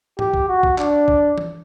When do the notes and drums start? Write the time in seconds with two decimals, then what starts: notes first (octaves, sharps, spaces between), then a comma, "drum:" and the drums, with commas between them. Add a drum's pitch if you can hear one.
0.19 G4, drum: tom G#2
0.33 drum: kick
0.49 F#4
0.63 drum: kick
0.78 D4, drum: clap
1.08 drum: kick
1.38 drum: tom E3